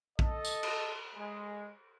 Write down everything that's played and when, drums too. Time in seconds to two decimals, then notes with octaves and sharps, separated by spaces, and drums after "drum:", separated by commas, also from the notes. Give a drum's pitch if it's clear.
0.19 A4 D#5, drum: kick
0.45 drum: tambourine
0.63 drum: cymbal
1.16 G#3